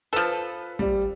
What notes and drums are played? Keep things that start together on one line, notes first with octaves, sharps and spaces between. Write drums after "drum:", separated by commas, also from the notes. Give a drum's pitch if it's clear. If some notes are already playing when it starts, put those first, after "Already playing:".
F3 A4 B4
G3 D5, drum: kick